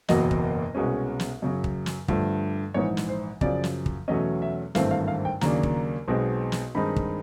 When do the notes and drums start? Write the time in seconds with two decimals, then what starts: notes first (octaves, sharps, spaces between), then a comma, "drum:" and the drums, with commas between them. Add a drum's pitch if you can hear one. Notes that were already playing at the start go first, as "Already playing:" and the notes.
0.08 F#1 E2 B2 F#3 A#3 D#5, drum: snare
0.31 drum: kick
0.75 C2 B2 G#3 C#4
1.20 drum: snare
1.42 F#2 C#3 F#3
1.64 drum: kick
1.86 drum: snare
2.08 G2 D3 F3 A3, drum: kick
2.74 A#1 G#2 E3 C#5
2.97 drum: snare
3.09 C5
3.41 F#2 C#3 F3 D5, drum: kick
3.64 drum: snare
3.86 drum: kick
4.08 E2 B2 F#3 A3 C#4 D#5
4.42 E5
4.75 G#1 G2 E3 A3 C4 F5, drum: snare
4.91 F5
5.08 F5
5.25 G5
5.41 D#2 C#3 F#3 A#3 D4 A#5, drum: snare
5.63 drum: kick
6.08 B1 B2 G#3 C4
6.52 drum: snare
6.75 G2 D#3 G#3 C4 D#4 B5
6.96 drum: kick